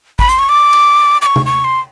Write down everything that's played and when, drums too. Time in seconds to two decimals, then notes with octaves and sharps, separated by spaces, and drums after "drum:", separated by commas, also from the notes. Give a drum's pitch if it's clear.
0.19 B5, drum: kick
0.29 C6, drum: hi-hat
0.39 C#6
0.49 D6
0.73 drum: cymbal
1.22 D6
1.26 C#6
1.36 drum: tom C3
1.46 C#6
1.64 C6